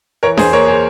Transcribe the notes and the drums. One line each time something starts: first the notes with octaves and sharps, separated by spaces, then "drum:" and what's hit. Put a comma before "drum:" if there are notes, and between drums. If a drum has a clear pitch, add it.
E3 A#4 C#5
E2 G#4 C5, drum: snare D4
A#3 A#4 C#5
G#4 C5